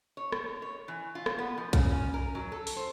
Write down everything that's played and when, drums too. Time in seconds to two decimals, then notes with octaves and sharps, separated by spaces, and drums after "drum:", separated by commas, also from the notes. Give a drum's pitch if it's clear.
0.17 C#5
0.32 drum: rim click
0.62 C#5
0.88 E3
1.15 F4
1.26 drum: rim click
1.39 B3
1.58 F3
1.73 C#3, drum: kick B1, hi-hat
1.91 C#4
2.14 A#4
2.35 F#3
2.52 A4
2.67 drum: open hi-hat
2.77 C5